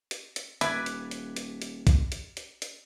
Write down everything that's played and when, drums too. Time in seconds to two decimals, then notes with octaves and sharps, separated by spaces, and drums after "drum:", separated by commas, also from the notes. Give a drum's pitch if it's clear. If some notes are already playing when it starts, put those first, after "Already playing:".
0.11 drum: hi-hat
0.36 drum: hi-hat
0.61 D#1 E4 B4 D5 G#5 G#6 B6, drum: hi-hat
0.86 drum: hi-hat
1.11 drum: hi-hat
1.36 drum: hi-hat
1.62 drum: hi-hat
1.87 drum: kick B1, hi-hat
2.12 drum: hi-hat
2.37 drum: hi-hat
2.62 drum: hi-hat